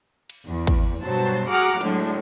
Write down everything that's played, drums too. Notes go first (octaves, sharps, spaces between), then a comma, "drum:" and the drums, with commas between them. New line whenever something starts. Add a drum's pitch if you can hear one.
drum: cymbal
E2
drum: kick, cymbal
G2 B2 F#3 C5 A5
F#4 G#4 F#5 A#5 D6 F6
A2 D3 F#3 G#3, drum: cymbal